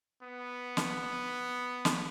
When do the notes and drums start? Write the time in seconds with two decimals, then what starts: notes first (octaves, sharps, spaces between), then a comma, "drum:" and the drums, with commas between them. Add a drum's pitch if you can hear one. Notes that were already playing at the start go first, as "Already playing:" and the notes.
0.23 B3
0.77 drum: snare
1.85 drum: snare